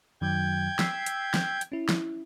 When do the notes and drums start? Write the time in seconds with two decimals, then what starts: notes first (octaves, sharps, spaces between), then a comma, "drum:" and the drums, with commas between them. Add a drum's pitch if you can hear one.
0.21 F#2 D#3 F#3 G5 G6 G#6
0.79 E6 B6 C7, drum: snare
1.06 drum: hi-hat
1.34 drum: snare
1.61 drum: hi-hat
1.72 C#4 E4
1.89 drum: snare